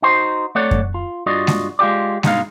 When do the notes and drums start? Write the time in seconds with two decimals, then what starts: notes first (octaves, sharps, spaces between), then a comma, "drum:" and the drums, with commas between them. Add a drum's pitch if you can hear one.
0.02 D#4 F#4 C5
0.55 A3 C4 A4 C#5 D5 F#5
0.71 drum: kick F#2
0.94 F4
1.26 G2 F4 F#4 D5 D#5
1.47 drum: snare G#3
1.79 G#3 F4 G4 D5
2.23 G2 B2 F3 G#3 D#4 F5, drum: snare G#3